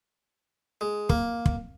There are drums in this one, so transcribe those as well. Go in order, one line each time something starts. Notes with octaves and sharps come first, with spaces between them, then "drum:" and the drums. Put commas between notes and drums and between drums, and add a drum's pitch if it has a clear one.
G#3
A#3, drum: kick
drum: kick